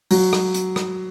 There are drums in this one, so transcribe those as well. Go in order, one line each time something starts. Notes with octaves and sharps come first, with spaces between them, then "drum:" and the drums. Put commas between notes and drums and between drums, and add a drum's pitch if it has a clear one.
F#3, drum: open hi-hat
drum: rim click
drum: hi-hat
drum: rim click